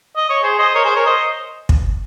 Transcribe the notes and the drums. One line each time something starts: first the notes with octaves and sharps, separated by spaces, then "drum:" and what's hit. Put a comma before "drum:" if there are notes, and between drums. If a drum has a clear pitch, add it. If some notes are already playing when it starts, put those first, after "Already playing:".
D#5
C#5
G#4 C5
C5 D#5
A#4 C#5
G#4 C5
A#4 C#5
C5 D#5
drum: kick